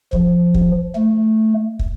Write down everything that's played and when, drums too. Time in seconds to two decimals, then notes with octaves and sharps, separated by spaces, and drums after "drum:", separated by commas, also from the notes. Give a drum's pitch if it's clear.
0.13 F3, drum: kick
0.54 drum: kick
0.95 A3
1.79 drum: kick